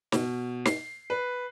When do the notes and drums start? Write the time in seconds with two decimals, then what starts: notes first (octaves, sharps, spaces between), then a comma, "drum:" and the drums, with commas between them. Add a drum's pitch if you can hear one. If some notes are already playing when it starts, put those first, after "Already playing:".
0.12 B2, drum: snare
0.66 C7, drum: snare
1.10 B4